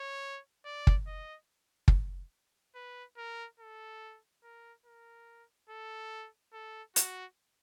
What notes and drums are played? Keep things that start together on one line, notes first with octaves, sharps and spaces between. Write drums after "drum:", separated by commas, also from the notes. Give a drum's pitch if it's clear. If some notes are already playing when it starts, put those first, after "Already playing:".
Already playing: C#5
D5
drum: kick
D#5
drum: kick
B4
A#4
A4
A#4
A#4
A4
A4
F#4, drum: hi-hat